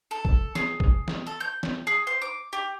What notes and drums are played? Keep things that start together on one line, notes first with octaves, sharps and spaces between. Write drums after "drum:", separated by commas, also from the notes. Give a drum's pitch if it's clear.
A4
drum: kick
G#4, drum: snare
drum: kick
drum: snare
A4
G6
drum: snare
G#4
C5
D6
G4